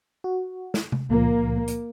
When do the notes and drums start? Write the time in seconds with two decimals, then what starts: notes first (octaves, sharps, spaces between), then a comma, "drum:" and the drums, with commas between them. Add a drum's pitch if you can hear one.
0.24 F#4
0.74 drum: snare
0.92 drum: tom C3
1.09 C#2 A#2 F3 A#3
1.68 drum: hi-hat